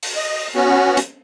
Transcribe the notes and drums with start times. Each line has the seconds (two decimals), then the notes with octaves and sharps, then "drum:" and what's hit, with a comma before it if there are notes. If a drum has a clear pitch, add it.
0.03 drum: open hi-hat
0.16 D#5
0.55 B3 C#4 F#4
0.97 drum: hi-hat